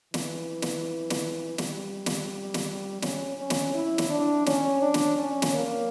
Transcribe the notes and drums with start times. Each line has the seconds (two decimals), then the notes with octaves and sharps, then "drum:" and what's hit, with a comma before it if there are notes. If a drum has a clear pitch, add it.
0.14 E3, drum: snare
0.62 drum: snare
1.10 drum: snare
1.58 G3, drum: snare
2.06 drum: snare
2.54 drum: snare
3.02 C#4, drum: snare
3.38 C#4
3.50 drum: snare
3.74 E4
3.98 drum: snare
4.10 D4
4.46 C#4, drum: snare
4.82 D4
4.94 drum: snare
5.18 C#4
5.42 drum: snare
5.54 A#3